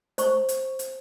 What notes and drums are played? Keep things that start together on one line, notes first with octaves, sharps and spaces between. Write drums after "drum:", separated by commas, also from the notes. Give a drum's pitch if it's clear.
C5 C#6, drum: hi-hat
drum: hi-hat
drum: hi-hat